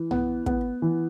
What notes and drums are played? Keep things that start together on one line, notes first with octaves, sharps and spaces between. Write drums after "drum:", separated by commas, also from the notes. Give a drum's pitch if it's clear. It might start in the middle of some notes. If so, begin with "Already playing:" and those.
Already playing: E3
B3, drum: tom B1
B3, drum: kick
E3